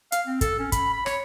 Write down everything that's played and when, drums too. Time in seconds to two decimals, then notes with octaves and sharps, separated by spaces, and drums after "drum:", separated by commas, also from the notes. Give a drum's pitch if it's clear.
0.12 F5, drum: hi-hat
0.27 C4
0.41 A4, drum: kick, hi-hat
0.60 C#4
0.72 B5, drum: kick, hi-hat
0.93 B5
1.06 C#5, drum: rim click